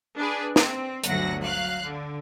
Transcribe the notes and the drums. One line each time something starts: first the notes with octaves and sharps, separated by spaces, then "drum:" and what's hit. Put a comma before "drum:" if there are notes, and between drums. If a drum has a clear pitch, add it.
D4 G#4 B4
C4, drum: snare
G1 D2 F#3 F#5 A#6, drum: hi-hat
F#3 F5 F#6
D3